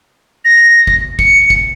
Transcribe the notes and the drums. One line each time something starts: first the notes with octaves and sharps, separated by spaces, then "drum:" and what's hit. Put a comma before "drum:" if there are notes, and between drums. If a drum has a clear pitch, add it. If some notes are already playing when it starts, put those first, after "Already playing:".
A#6
drum: kick
C#7, drum: kick
drum: kick